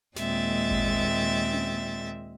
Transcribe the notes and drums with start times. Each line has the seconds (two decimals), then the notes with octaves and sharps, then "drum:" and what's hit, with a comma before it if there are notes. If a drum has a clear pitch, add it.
0.16 D#2 A#2 G#3 C4 E5 A6, drum: snare
0.71 drum: kick G#1
1.53 drum: tom C#4